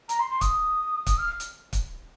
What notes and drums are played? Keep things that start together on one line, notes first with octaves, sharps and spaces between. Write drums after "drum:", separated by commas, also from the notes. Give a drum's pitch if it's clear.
A#5, drum: hi-hat
C6
C6
D#6, drum: kick, hi-hat
D#6, drum: kick, hi-hat
F6
drum: hi-hat
drum: kick, hi-hat